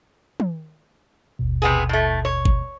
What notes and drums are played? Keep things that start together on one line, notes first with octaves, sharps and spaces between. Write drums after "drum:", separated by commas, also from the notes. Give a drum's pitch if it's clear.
drum: tom
G#1 D#2 B2
C3 B3 G#4
A2 A3
C#5
drum: kick